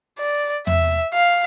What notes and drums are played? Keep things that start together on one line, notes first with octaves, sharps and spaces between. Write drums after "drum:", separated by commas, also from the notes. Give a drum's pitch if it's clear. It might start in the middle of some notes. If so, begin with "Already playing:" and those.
D5
E5, drum: tom E2
F5